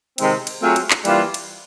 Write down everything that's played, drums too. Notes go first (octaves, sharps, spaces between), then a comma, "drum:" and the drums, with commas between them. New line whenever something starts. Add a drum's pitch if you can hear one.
C3 D#3 G#3 C4 D#4, drum: cymbal
drum: cymbal
F#3 A3 C4 F4 G#4
drum: cymbal
drum: clap
E3 G3 A#3 D4 F4, drum: cymbal
drum: cymbal